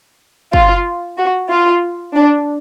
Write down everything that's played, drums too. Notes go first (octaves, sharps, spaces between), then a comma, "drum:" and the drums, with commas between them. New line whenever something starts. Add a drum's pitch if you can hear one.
F4, drum: kick
F#4
F4
D4